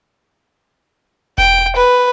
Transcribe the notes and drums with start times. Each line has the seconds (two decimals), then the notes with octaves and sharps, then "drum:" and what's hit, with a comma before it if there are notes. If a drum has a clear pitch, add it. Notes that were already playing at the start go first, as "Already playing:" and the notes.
1.38 G5, drum: kick E1
1.76 B4